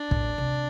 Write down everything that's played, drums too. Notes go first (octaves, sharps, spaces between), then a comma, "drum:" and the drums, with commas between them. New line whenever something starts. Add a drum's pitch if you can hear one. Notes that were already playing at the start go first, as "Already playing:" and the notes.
Already playing: D4
A2, drum: kick
C3